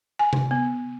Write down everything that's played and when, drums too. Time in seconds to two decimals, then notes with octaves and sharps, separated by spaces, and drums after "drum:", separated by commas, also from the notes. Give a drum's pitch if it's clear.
0.19 G#5
0.33 drum: tom C3
0.51 B3